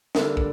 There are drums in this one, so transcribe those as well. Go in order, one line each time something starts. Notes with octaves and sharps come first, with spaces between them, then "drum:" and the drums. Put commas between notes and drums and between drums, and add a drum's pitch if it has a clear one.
D3 G3 A#3 D4 A4, drum: snare
drum: kick